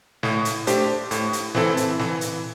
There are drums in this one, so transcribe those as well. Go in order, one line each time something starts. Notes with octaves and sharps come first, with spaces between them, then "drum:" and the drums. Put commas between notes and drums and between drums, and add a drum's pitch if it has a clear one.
A2, drum: snare
drum: hi-hat
A3 D4 G4 C5, drum: hi-hat
A2, drum: hi-hat
drum: hi-hat
E3 C4 E4 A4, drum: snare
drum: hi-hat
E3, drum: snare
drum: hi-hat